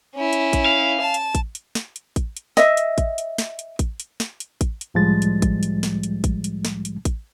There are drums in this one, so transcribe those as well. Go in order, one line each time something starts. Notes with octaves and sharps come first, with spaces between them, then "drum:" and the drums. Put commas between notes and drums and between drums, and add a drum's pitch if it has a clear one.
C#4 E4
drum: hi-hat
drum: kick A1, hi-hat
F5
A5
drum: hi-hat
drum: kick A1, hi-hat
drum: hi-hat
drum: snare
drum: hi-hat
drum: kick A1, hi-hat
drum: hi-hat
D#5 E5, drum: snare
drum: hi-hat
drum: kick A1, hi-hat
drum: hi-hat
drum: snare
drum: hi-hat
drum: kick A1, hi-hat
drum: hi-hat
drum: snare
drum: hi-hat
drum: kick A1, hi-hat
drum: hi-hat
C2 A2 F3 G3 G#3 A6
drum: hi-hat
drum: kick A1, hi-hat
drum: hi-hat
drum: snare
drum: hi-hat
drum: kick A1, hi-hat
drum: hi-hat
drum: snare
drum: hi-hat
drum: kick A1, hi-hat